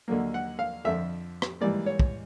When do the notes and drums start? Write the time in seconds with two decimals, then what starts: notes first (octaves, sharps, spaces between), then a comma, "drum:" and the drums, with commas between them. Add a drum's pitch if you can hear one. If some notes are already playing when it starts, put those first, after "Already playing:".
0.08 D#2 D3 F#3 A#3
0.34 F#5
0.59 F5
0.85 F2 D3 F3 E5
1.42 drum: rim click
1.61 G#2 E3 G3 A#3 D5
1.86 C#5
1.99 drum: kick